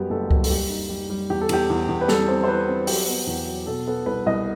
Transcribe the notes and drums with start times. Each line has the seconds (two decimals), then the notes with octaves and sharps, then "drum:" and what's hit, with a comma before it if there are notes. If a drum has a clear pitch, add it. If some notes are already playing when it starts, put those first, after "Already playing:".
Already playing: F#2 G3 B3 G4
0.10 F#1 A4
0.31 F#2, drum: kick C#2
0.44 A4, drum: open hi-hat
0.50 G3 G4
0.69 D#4
0.89 G3
1.10 G3
1.30 E2 G4
1.41 A4
1.49 E2 G4, drum: cymbal
1.70 E2
1.88 E2
2.01 B4
2.08 G3 A4, drum: snare
2.28 C4
2.44 C5
2.48 E3 B4
2.68 C4
2.87 F#3 G4, drum: open hi-hat
3.08 B3
3.27 E2
3.47 F#3
3.66 B2 A4
3.87 B3 A4
4.06 C2 B4
4.26 C2 D#5